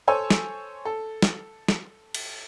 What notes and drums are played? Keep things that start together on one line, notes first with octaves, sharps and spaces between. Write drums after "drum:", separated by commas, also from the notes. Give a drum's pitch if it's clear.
A4 C5 C#5 G#5 E6
drum: snare
A4
drum: snare
drum: snare
drum: cymbal